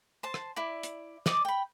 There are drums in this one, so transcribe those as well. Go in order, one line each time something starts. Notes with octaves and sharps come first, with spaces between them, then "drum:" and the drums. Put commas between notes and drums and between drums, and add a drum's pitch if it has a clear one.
C5 A5
drum: rim click
E4 D5
drum: hi-hat
D5 D#5 D6, drum: snare
G5 B5